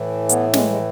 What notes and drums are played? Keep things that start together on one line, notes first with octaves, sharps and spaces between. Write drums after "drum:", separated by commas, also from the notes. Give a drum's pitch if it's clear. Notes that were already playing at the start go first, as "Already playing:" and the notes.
Already playing: A2 E3
B3, drum: hi-hat
G#3, drum: snare
G#3